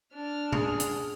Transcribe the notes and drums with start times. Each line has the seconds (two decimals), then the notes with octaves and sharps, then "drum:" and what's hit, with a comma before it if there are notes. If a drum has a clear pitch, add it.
0.13 D4 F6
0.53 G#4, drum: tom B2
0.80 drum: hi-hat